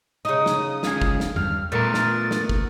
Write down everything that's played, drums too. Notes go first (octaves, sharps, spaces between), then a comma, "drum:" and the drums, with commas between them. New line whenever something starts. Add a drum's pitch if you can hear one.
C#3 D#4 D#6
drum: snare
C#2 F4 G#5, drum: snare
drum: kick
drum: snare
G2 F6, drum: tom E2
A#2 A3 B3 A#4 A6
drum: snare
drum: snare
drum: kick